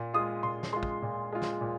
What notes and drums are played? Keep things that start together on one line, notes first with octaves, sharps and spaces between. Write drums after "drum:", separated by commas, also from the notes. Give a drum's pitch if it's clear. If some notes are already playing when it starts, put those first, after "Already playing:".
Already playing: A#2
G#3 F4 D#6
A#2 C6
drum: snare
G#3 F4 C6
drum: kick
A#2
G#3 F4
drum: snare
A#2